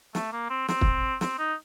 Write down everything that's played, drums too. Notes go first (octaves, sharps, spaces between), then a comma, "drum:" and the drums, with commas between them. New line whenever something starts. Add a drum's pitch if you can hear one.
A3, drum: snare
A#3
C4
C4, drum: snare
drum: kick
C4, drum: snare
D#4